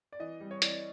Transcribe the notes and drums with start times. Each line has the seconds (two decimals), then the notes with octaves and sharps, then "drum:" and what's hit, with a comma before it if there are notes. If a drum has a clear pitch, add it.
0.13 D5
0.20 E3 D#5
0.41 G3
0.51 C#5
0.62 E3 D5, drum: hi-hat